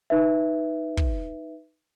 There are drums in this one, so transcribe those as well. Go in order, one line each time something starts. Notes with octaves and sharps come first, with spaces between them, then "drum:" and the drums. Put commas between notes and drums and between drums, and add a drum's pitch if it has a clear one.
D#4 B4 E5
drum: kick